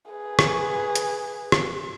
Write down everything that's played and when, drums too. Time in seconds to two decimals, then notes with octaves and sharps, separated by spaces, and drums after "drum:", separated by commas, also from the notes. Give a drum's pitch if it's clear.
0.10 G#4 B4
0.39 drum: rim click
0.96 drum: hi-hat
1.52 drum: rim click